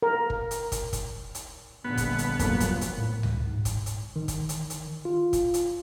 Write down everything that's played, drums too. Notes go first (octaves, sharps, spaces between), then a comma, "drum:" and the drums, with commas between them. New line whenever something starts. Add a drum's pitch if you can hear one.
A#4
drum: kick
drum: hi-hat
drum: kick, hi-hat
drum: kick, hi-hat
drum: hi-hat
A#1 G2 D3 B3
drum: kick, hi-hat
drum: hi-hat
C2 F2 G#2 F3 F#3 A#3, drum: kick, hi-hat
drum: kick, hi-hat
drum: hi-hat
A2
drum: tom C#2
G#2
drum: kick, hi-hat
drum: hi-hat
D#3
drum: kick, hi-hat
drum: hi-hat
drum: hi-hat
F4
drum: kick, hi-hat
drum: hi-hat